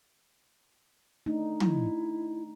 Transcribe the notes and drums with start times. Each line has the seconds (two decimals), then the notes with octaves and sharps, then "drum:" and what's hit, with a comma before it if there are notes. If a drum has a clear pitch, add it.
1.26 A3 D4 D#4
1.60 E4, drum: tom